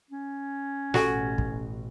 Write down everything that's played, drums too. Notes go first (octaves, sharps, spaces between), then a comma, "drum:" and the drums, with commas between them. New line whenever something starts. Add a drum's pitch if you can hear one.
C#4
A1 B2 F#4 G4 A4 G#5, drum: snare
drum: kick